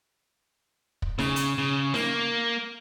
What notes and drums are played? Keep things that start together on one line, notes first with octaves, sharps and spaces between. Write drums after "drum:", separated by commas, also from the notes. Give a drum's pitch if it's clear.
drum: kick
C#3, drum: snare D#4
drum: hi-hat
C#3
A#3, drum: snare D#4